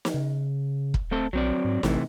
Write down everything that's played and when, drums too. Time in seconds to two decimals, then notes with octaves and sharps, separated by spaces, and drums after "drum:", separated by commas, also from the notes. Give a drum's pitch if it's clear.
0.05 drum: snare
0.14 C#3
0.94 drum: kick
1.11 A3 C4 A4
1.33 B1 F#3 C4 D5
1.65 G#2
1.83 A1 C3 E3 A3, drum: snare